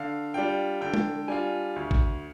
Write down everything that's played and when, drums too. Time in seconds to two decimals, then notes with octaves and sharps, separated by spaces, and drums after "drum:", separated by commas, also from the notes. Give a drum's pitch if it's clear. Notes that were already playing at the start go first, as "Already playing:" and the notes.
Already playing: D3 F5
0.34 G3 D4 F4 G5
0.81 D3 G5
0.94 drum: tom G#3
1.28 G3 D4 F4 G#5
1.76 D2
1.91 drum: kick G#1